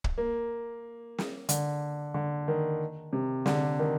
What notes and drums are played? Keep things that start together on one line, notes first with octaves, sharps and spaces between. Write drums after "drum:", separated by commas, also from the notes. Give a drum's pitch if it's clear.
drum: kick
A#3
drum: snare
D3, drum: hi-hat
D3
D#3
C3
D3, drum: snare
D#3